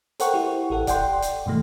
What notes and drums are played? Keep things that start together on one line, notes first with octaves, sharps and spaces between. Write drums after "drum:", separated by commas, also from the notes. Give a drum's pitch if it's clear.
A4 A#4 C5 F#5 G5 C#6, drum: hi-hat
E4 G4
A1 G4 A4 F#5
D5 F#5 G5 C6, drum: kick C#1, hi-hat
drum: hi-hat
G2 B2 D#3 E3 A3